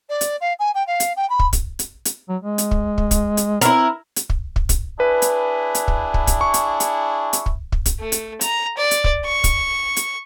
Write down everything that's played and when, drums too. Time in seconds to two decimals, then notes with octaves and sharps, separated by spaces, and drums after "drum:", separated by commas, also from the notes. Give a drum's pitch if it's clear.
0.09 D5
0.21 drum: hi-hat
0.40 F5
0.59 G#5
0.74 G5
0.87 F5
1.00 drum: hi-hat
1.16 G5
1.29 B5
1.39 drum: kick
1.53 drum: kick, hi-hat
1.79 drum: hi-hat
2.05 drum: hi-hat
2.29 F#3
2.42 G#3
2.58 drum: hi-hat
2.71 drum: kick
2.98 drum: kick
3.11 drum: kick, hi-hat
3.37 drum: hi-hat
3.61 C4 E4 A#4, drum: hi-hat
4.16 drum: hi-hat
4.30 drum: kick
4.56 drum: kick
4.69 drum: kick, hi-hat
5.00 D4 E4 G#4 B4
5.22 drum: hi-hat
5.75 drum: hi-hat
5.88 drum: kick
6.14 drum: kick
6.27 drum: kick, hi-hat
6.41 C#6
6.54 drum: hi-hat
6.80 drum: hi-hat
7.33 drum: hi-hat
7.46 drum: kick
7.72 drum: kick
7.86 drum: kick, hi-hat
8.00 A3
8.12 drum: hi-hat
8.41 A#5, drum: hi-hat
8.78 D5
8.91 drum: hi-hat
9.04 drum: kick
9.25 C#6
9.44 drum: kick, hi-hat
9.97 drum: hi-hat